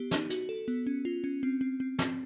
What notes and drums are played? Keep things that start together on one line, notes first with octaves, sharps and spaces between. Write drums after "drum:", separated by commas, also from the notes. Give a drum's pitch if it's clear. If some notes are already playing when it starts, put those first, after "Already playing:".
Already playing: B3 G4
D#4, drum: snare
F#4, drum: hi-hat
A4
B3
C#4
F4
C#4
C4
C4
C4
C4, drum: snare